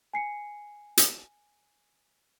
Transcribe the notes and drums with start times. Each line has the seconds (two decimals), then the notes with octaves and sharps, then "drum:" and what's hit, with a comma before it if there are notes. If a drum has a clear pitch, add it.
0.13 G#5 C7 C#7
0.97 drum: hi-hat